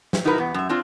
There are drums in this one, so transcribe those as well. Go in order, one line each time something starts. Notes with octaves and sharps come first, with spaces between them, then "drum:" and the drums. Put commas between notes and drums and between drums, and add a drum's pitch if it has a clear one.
drum: snare
D#4 E4 F#4 A#4 B4
E2 B3
F#2 E5
C4 D4 F4